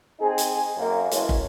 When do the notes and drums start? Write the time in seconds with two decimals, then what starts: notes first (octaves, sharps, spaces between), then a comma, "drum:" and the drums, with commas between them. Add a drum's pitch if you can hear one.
0.20 C4 D#4 G#4
0.38 drum: hi-hat
0.78 F#2 A#3
1.11 E3 G#3 A3 C#4, drum: hi-hat
1.29 drum: kick